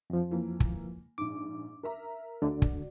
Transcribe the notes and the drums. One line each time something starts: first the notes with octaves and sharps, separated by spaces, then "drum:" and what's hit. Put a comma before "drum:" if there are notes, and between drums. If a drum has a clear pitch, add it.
F2 F3
E3 A#3
drum: kick
A#1 G#2 D6
A#4 E5 A#5
D2 D3 F#4 D5
drum: kick